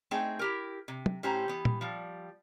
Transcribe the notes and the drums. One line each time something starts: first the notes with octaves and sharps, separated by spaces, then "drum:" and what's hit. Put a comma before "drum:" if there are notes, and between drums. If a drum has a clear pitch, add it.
A3 C4 D#4 G#4 G5
E4 G4 A#4
C3
drum: tom
A2 C#4 G4 C5 A#5
E3 B3
drum: tom
F3 G3